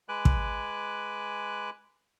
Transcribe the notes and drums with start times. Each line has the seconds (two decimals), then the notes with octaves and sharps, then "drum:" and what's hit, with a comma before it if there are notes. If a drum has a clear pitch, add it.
0.09 G#3 B4 G#5 D6 F#6
0.25 drum: kick